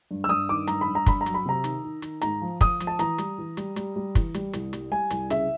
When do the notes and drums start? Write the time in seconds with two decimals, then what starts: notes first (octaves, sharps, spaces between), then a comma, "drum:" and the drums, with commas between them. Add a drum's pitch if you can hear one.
0.11 G2
0.24 E6
0.29 G2 D#6
0.49 D#3 D6
0.68 G2 A#5, drum: hi-hat
0.81 B5
0.88 G2
0.95 A#5
1.06 G2 B5, drum: kick, hi-hat
1.21 A#5
1.26 F#3, drum: hi-hat
1.34 B5
1.46 C3 A#5
1.64 D#3, drum: hi-hat
1.84 D#3
2.02 D#3, drum: hi-hat
2.22 G#2 A#5, drum: hi-hat
2.41 F3
2.61 F3 D#6, drum: kick, hi-hat
2.80 F3, drum: hi-hat
2.87 A5
2.99 E3 A#5, drum: hi-hat
3.18 G3, drum: hi-hat
3.38 E3
3.57 G3, drum: hi-hat
3.76 G3, drum: hi-hat
3.96 G3
4.15 E3, drum: kick, hi-hat
4.34 G3, drum: hi-hat
4.53 C2, drum: hi-hat
4.73 G3, drum: hi-hat
4.92 G3 G#5
5.10 C2, drum: hi-hat
5.30 C#3 E5, drum: hi-hat